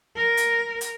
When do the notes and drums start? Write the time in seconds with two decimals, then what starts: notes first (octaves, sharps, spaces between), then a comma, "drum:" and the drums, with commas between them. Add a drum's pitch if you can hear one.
0.15 A#4
0.37 drum: hi-hat
0.81 drum: hi-hat